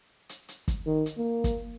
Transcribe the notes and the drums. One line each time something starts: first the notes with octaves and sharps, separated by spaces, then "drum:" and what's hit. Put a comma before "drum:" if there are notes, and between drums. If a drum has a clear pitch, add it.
drum: hi-hat
drum: hi-hat
drum: kick, hi-hat
D#3
drum: hi-hat
A#3
drum: kick, hi-hat